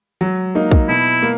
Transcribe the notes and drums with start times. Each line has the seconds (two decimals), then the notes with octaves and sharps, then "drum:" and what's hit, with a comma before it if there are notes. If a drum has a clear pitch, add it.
0.21 F#3
0.55 A#3 D#4
0.71 drum: kick
0.88 B2 E4
1.22 A#3